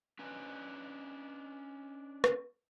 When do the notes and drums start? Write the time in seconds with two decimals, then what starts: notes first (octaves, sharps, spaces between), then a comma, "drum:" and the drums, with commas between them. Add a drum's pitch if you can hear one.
0.19 C#4 D4 B4
2.24 drum: rim click